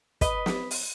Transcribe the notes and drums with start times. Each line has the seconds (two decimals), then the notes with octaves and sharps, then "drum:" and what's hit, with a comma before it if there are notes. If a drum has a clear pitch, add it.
0.21 B4 D#5, drum: kick, hi-hat
0.46 drum: snare
0.71 drum: open hi-hat